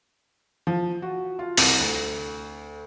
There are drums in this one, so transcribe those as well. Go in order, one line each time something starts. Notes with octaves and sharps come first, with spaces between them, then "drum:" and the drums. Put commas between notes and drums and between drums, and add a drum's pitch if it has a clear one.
F3
F#4
F4
C2, drum: open hi-hat
D2